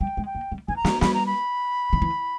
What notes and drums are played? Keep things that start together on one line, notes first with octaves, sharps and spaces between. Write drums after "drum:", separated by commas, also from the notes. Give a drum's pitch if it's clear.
G3 G5
G#3
G5
A#3
G3
E3 G#5
A#5
G#3, drum: snare
G3 B5, drum: snare
A#5
B5
D#3
E3